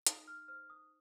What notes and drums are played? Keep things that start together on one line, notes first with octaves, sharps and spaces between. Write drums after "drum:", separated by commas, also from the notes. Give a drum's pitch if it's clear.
D#4 D#6, drum: hi-hat
F6
C5 F6
D#6